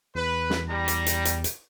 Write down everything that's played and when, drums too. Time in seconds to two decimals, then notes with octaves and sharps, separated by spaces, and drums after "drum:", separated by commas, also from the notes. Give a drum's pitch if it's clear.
0.15 E2 B4
0.50 drum: snare
0.69 G3 A#5
0.88 drum: hi-hat
1.06 drum: hi-hat
1.25 drum: hi-hat
1.44 drum: hi-hat